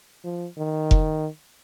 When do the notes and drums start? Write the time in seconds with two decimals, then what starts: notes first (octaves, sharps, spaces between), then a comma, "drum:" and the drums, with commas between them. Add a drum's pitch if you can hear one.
0.24 F3
0.58 D#3
0.91 drum: kick F1